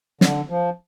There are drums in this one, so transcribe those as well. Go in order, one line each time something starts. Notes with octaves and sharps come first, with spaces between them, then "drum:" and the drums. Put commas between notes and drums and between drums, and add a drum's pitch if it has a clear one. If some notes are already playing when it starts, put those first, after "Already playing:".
D3, drum: snare
F3